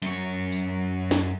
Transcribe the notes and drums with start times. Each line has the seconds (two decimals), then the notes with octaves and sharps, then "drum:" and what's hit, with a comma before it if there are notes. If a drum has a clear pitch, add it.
0.02 F#2 C#5, drum: hi-hat
0.52 drum: tambourine
1.11 drum: snare